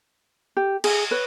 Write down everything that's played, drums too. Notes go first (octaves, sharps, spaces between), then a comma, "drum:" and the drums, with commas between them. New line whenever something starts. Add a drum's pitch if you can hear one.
G4
G#4, drum: cymbal
B4 C#5